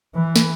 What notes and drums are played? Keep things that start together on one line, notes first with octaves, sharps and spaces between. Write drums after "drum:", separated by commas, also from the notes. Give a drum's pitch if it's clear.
E3
drum: snare